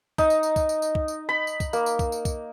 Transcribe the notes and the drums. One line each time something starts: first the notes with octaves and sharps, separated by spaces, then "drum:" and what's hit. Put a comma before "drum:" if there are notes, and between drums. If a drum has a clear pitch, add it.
D#4, drum: kick, tambourine
drum: tambourine
drum: tambourine
drum: kick, tambourine
drum: tambourine
drum: tambourine
drum: kick
drum: tambourine
B5
drum: tambourine
drum: kick, tambourine
A#3, drum: tambourine
drum: tambourine
drum: kick, tambourine
drum: tambourine
drum: kick, tambourine